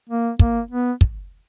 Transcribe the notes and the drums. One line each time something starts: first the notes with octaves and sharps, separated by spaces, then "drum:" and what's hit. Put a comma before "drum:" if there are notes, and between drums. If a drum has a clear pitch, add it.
A#3
A#3, drum: kick
B3
drum: kick